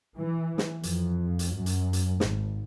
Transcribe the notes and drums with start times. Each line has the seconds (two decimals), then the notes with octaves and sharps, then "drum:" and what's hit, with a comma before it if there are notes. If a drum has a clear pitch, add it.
0.16 E3
0.58 drum: snare
0.83 F2, drum: hi-hat
1.39 drum: hi-hat
1.53 F#2
1.66 drum: hi-hat
1.93 drum: hi-hat
2.20 G#1, drum: snare